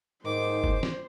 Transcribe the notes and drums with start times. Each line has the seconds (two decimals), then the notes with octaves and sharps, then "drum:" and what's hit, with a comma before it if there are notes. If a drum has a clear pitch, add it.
0.25 G#2 D#3 C5 D6
0.64 drum: kick F#1
0.83 drum: snare